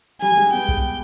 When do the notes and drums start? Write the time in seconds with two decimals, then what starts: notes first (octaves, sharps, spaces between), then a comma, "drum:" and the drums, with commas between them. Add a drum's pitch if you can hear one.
0.21 G3 G#5, drum: hi-hat
0.32 G3
0.37 G#3
0.53 B3 G5
0.69 G#4, drum: kick B1